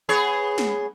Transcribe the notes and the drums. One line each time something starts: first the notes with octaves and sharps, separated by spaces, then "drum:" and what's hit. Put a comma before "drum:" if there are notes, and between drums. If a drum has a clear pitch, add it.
B3 G#4 C#5
drum: snare